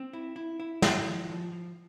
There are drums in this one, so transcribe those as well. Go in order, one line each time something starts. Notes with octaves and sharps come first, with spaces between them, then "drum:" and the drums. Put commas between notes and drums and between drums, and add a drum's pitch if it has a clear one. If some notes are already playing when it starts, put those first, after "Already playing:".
Already playing: C4
E4
E4
E4
E4, drum: snare
F3
F3
F3